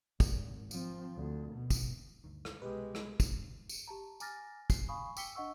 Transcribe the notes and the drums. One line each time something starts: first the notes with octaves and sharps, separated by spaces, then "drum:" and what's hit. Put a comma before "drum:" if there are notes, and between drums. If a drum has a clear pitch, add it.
G#1, drum: kick, tambourine
F3 C4, drum: tambourine
D2
B2
drum: kick, tambourine
D2 G2 D#3
drum: rim click
C2 B2 G#3 G4 B4
drum: rim click
drum: kick, tambourine
drum: tambourine
G4 A5 A#5
G#5 A#5 D6 F6 A6 A#6, drum: tambourine
C7, drum: kick, tambourine
F5 G#5 B5 C#6 D#6
G5 D6 E6 B6 C#7 G7, drum: tambourine
D4 D#5 F#5 C#6 E6